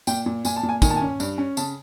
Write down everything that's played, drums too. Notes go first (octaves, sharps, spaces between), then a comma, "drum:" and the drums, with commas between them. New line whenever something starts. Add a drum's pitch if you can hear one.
A#2 G5, drum: tambourine
A#2
A#2 G#5, drum: tambourine
A5
A#2
G#5
D#3 G#5, drum: kick, tambourine
A5
G#5
C#4
G2, drum: tambourine
C#4
C#3 A5, drum: tambourine